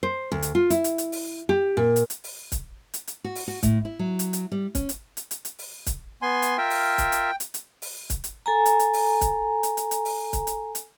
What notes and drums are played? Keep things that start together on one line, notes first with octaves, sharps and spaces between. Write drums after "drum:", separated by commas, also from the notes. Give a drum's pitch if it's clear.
C5
D2
drum: hi-hat
F4
E4, drum: hi-hat
drum: hi-hat
drum: hi-hat
drum: open hi-hat
G4
A#2
drum: hi-hat
drum: hi-hat
drum: open hi-hat
drum: kick, hi-hat
drum: hi-hat
drum: hi-hat
F#4
drum: open hi-hat
F#4
A2, drum: kick, hi-hat
E4
F#3
drum: hi-hat
drum: hi-hat
G3
C#4, drum: kick, hi-hat
drum: hi-hat
drum: hi-hat
drum: hi-hat
drum: hi-hat
drum: open hi-hat
drum: kick, hi-hat
B3 G#5 C6
drum: hi-hat
F4 A#4 E5 G5
drum: open hi-hat
drum: kick, hi-hat
drum: hi-hat
drum: hi-hat
drum: hi-hat
drum: open hi-hat
drum: kick, hi-hat
drum: hi-hat
A4 G#5 A#5
drum: hi-hat
drum: hi-hat
drum: open hi-hat
drum: kick, hi-hat
drum: hi-hat
drum: hi-hat
drum: hi-hat
drum: open hi-hat
drum: kick, hi-hat
drum: hi-hat
drum: hi-hat